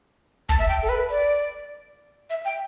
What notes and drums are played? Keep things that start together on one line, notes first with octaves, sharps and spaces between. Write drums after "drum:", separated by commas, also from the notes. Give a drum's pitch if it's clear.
A5, drum: kick
E5
G5
A4
B4
D5
E5
G5